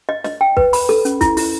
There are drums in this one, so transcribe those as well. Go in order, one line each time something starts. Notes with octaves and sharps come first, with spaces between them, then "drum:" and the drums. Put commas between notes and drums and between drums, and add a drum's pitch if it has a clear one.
D#5
D#5, drum: snare
G5
B4, drum: kick
B5, drum: open hi-hat
A4, drum: snare
C#4, drum: hi-hat
E4, drum: kick, hi-hat
E4, drum: open hi-hat